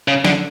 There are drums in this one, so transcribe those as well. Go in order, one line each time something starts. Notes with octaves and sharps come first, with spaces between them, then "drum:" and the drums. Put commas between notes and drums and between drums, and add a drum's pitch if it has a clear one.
C#3
D3, drum: snare